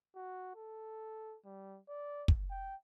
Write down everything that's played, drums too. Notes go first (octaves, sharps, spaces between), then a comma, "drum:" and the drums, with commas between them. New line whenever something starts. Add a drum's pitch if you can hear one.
F#4
A4
G3
D5
drum: kick
G5